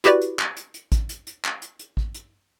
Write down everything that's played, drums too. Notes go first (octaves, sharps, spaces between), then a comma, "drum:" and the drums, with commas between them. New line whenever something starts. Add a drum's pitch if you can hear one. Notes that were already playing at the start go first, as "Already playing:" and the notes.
E4 F#4 G4 B4 D5, drum: hi-hat
drum: hi-hat
drum: clap
drum: hi-hat
drum: hi-hat
drum: kick A1, hi-hat
drum: hi-hat
drum: hi-hat
drum: clap
drum: hi-hat
drum: hi-hat
drum: kick A1
drum: hi-hat